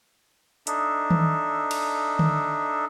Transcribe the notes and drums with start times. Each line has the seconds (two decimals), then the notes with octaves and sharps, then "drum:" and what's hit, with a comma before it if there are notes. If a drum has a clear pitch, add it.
0.67 D4 D#4 A4 E5, drum: hi-hat
1.11 drum: tom D#3
1.71 drum: cymbal
2.19 drum: tom D3